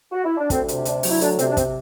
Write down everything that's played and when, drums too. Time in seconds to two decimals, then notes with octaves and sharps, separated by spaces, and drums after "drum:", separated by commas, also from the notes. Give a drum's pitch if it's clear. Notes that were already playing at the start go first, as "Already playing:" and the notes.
0.12 F#4
0.25 E4
0.38 D4
0.50 D2 C4, drum: kick, hi-hat
0.68 C3, drum: hi-hat
0.85 D2 D4, drum: hi-hat
1.03 F#3, drum: open hi-hat
1.10 E4
1.21 D2 D4, drum: hi-hat
1.39 C3 C4, drum: hi-hat
1.50 D4
1.57 C4, drum: kick, hi-hat